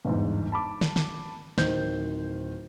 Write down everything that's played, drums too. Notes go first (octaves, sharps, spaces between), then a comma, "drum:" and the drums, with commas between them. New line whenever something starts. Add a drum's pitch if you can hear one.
G1 E2 G#2
A5 B5 D6
drum: snare
drum: snare
D1 D#3 C5 G6, drum: snare